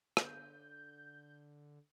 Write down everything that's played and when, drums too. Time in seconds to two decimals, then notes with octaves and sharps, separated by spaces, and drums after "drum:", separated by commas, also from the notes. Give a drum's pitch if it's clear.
0.17 D3 G6, drum: rim click